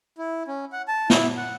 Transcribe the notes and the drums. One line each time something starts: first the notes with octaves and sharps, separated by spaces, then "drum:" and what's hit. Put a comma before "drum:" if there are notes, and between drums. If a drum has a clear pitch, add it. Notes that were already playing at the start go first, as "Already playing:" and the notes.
E4
C#4
F#5
A5
E4, drum: snare
F#5